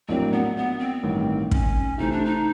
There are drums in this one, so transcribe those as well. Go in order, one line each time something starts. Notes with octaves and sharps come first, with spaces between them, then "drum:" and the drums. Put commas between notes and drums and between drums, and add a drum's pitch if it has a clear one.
A#1 A2 F#3 A#3 C4 D4
B3
B3
C4
A1 G2 D#3
C#4, drum: kick
C3 E3 A3 C4 D#4
D4
D#4